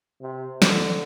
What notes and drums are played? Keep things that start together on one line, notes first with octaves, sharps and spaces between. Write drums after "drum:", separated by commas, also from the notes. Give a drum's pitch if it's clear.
C3
D3, drum: snare